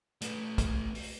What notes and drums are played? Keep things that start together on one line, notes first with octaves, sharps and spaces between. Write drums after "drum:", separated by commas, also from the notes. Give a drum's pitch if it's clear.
A3 B4, drum: hi-hat
drum: kick, hi-hat
drum: open hi-hat